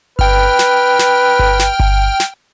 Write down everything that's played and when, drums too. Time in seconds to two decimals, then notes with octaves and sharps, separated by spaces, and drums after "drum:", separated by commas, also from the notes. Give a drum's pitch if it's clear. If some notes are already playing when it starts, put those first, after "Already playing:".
0.19 B4 G5 F6, drum: kick G1
0.59 drum: snare
0.99 drum: snare
1.39 drum: kick G1
1.59 drum: snare
1.80 drum: kick G1
2.20 drum: snare